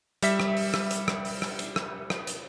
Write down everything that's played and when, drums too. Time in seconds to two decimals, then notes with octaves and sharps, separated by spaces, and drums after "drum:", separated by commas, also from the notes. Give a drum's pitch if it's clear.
0.23 G3 E5 B6, drum: hi-hat
0.40 drum: rim click
0.57 drum: open hi-hat
0.74 drum: rim click
0.91 drum: hi-hat
1.08 drum: rim click
1.25 drum: open hi-hat
1.42 drum: rim click
1.59 drum: hi-hat
1.76 drum: rim click
2.10 drum: rim click
2.27 drum: hi-hat